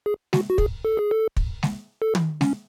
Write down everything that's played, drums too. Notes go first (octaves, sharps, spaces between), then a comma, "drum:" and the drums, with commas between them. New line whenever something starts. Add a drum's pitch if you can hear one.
G#4
F#4, drum: snare G#3
F#4
G#4, drum: kick
A4
G#4
A4
drum: kick
drum: snare G#3
A4
drum: tom
C#4, drum: snare G#3